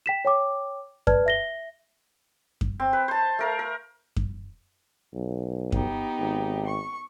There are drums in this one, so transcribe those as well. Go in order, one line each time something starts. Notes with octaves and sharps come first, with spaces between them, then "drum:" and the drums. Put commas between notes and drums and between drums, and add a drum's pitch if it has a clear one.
G5 B6 E7
C#5 G5 D6
B4 D5 A5 F6 G#6, drum: kick F#2
E5 A#6 G7
drum: kick F#2
C4
B4
C5 A5
A3 A#4 F5
A#4
drum: kick F#2
B1
B3 D#4 G4, drum: kick F#2
G#1
C#6